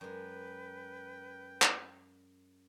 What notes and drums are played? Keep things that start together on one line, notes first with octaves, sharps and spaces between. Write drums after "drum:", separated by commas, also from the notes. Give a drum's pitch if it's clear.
F#2 G#3 B4 G5
drum: clap